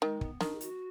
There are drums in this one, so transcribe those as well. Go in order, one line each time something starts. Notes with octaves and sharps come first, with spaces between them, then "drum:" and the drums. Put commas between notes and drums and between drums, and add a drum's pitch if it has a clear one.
D#3 G#3
B3, drum: kick
D#3 D4, drum: snare
G#4
F#4, drum: hi-hat